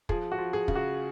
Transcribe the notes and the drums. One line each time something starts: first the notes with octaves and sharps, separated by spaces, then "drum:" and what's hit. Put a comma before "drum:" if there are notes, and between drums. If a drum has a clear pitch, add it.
F3 G#4, drum: kick
F#4
F3
G#4
C#3, drum: kick
F#4